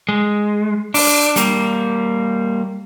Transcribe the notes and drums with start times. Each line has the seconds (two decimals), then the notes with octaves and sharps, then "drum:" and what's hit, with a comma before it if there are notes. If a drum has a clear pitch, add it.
0.09 G#3
0.94 D4, drum: open hi-hat
1.36 G3 A#3, drum: hi-hat